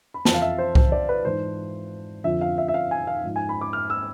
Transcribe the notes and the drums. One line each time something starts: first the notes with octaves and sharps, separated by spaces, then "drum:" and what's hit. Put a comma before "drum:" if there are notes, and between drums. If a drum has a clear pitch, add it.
B5
F2 E3 A5, drum: snare
F5
E5
C5
C5, drum: kick C2
D5
B4
G#2 E3 C5
F2 D3 F3 E5
F5
E5
E5
F5
G#5
F5
G#2 F3
G#5
B5
D6
F6
E6